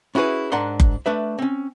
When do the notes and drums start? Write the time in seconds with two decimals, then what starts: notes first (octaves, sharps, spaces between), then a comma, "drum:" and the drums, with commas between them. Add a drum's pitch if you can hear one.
0.15 C#4 E4 F#4 G#4 B4
0.52 G#2 D4 A#4 F#5 C6
0.80 drum: kick F#1
1.06 A3 D4 B4 E5
1.39 C4 C#4